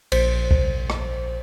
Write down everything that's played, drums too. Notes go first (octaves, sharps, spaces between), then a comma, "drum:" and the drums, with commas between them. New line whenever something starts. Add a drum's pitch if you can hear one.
A#1 C5, drum: cymbal
drum: kick
drum: rim click